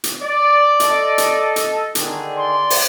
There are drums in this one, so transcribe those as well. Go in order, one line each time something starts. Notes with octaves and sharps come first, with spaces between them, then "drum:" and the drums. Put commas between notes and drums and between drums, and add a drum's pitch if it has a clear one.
drum: hi-hat
D5
A4 D#5, drum: hi-hat
drum: hi-hat
drum: hi-hat
D3 D#3 G#4, drum: hi-hat
D5 C6
drum: open hi-hat